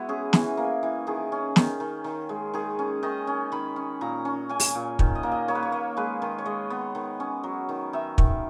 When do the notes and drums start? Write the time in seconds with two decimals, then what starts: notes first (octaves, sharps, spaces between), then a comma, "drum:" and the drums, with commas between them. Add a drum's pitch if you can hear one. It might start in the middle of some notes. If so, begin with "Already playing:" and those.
Already playing: G#3 B3 E4 F#4
0.09 C#4 G#4
0.33 E3, drum: snare
0.57 A#3
0.83 E3
1.07 D#3 G#4
1.32 C#4
1.56 D#3, drum: snare
1.80 D#3
2.04 D#3
2.29 G#3
2.54 D#3 G#4
2.79 C#4
3.03 D#3 D#5
3.27 C#4
3.52 D#3 B5
3.76 C#4
4.01 A#2 A#5
4.25 C#4
4.49 C#4 G#5
4.60 drum: open hi-hat
4.75 A#2
4.99 D#3 G#5, drum: kick
5.15 D#5
5.23 A#3
5.32 D#5
5.48 A#3 C#5
5.55 B4
5.63 C#5
5.72 A#3
5.97 G#3 B4
6.22 D#3
6.39 C#5
6.46 G#3 D#5
6.70 B3
6.95 D#3
7.20 C#4
7.44 F#3
7.69 D#3
7.93 D#3 E5
8.18 D#3, drum: kick